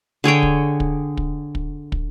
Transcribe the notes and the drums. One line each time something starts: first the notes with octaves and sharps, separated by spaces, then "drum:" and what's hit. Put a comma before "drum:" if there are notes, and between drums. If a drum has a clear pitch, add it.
D3 G#4 C#5 G5
drum: kick
drum: kick
drum: kick
drum: kick
drum: kick